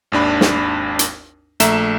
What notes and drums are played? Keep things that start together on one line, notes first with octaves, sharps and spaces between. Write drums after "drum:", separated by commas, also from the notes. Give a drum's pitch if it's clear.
G#1 D#2 D4 B5
drum: snare
drum: hi-hat
A#1 A3 E5 A#5 E7, drum: hi-hat